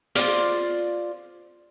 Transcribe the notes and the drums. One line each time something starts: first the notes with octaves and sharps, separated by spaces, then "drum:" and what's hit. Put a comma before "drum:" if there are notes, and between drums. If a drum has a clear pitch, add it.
F4 C5 D5 F5, drum: hi-hat